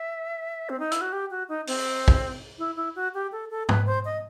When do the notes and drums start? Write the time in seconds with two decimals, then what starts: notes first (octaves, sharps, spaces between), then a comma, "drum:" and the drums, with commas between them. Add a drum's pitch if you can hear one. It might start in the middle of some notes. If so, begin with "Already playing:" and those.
Already playing: E5
0.69 C4
0.79 D#4
0.92 E4, drum: hi-hat
1.01 F#4
1.13 G4
1.31 F#4
1.49 D#4
1.67 C4, drum: open hi-hat
2.08 drum: kick
2.58 E4
2.77 E4
2.96 F#4
3.14 G4
3.32 A4
3.51 A4
3.69 B4, drum: tom G#2
3.86 C5
4.05 D#5